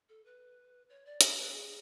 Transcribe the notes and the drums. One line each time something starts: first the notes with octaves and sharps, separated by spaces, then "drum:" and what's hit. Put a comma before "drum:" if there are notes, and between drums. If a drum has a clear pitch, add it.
A4
B4
C#5
D5
C#5, drum: hi-hat
B4
G#4